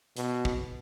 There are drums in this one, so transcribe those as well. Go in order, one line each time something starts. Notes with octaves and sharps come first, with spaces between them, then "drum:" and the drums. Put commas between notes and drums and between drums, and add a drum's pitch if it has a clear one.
B2, drum: hi-hat
drum: kick